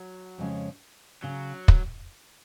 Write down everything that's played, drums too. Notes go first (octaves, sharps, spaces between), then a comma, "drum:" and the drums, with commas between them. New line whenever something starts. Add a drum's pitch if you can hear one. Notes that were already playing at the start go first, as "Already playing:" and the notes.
Already playing: F#3
F2 C#3 G#3 C#4
C#3 F#3
drum: kick